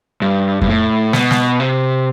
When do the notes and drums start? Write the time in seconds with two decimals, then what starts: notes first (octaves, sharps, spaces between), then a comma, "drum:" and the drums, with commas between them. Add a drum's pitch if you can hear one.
0.22 G2
0.61 G2, drum: kick F2
0.68 A2
1.13 B2, drum: snare
1.31 drum: snare
1.60 C3